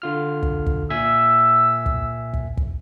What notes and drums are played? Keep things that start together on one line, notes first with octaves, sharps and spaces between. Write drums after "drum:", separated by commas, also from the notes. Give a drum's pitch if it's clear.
D3 F4 F6
drum: kick
drum: kick
A#2 E5 G#5 E6
drum: kick
drum: kick
drum: kick